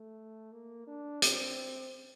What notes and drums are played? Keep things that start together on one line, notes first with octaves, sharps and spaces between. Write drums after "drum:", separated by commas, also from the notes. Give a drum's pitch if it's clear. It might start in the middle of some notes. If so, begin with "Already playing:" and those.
Already playing: A3
A#3
D4
C4, drum: hi-hat